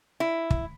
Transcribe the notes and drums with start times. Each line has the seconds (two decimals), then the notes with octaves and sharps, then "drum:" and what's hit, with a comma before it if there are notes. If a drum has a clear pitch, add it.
0.20 E4
0.50 drum: kick